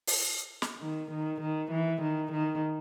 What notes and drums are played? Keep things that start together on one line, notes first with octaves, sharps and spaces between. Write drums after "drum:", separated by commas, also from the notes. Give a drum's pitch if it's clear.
drum: open hi-hat
drum: snare
D#3
D#3
D#3
E3
D#3
D#3